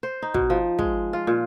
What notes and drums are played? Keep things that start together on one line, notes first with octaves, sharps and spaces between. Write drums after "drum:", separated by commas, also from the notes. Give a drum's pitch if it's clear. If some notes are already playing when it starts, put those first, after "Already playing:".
C5
D#4
B2, drum: kick
F3
G#3, drum: kick
F4
A#2